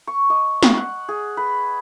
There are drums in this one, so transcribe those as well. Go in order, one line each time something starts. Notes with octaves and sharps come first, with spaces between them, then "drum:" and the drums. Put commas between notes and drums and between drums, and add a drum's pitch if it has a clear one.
C#6
D#5
drum: snare
F#5
G#4
B4